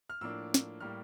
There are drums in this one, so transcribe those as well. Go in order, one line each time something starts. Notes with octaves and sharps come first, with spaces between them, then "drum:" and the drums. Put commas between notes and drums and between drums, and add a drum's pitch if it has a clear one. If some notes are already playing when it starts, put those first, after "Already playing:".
F6
A2 F3 A#3 D4 E6
drum: snare
A2 G3 A#3 F6